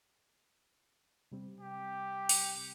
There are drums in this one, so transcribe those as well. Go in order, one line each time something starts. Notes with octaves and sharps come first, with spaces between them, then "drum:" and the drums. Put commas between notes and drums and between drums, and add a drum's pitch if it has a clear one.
C3 G3 C4
G4
drum: open hi-hat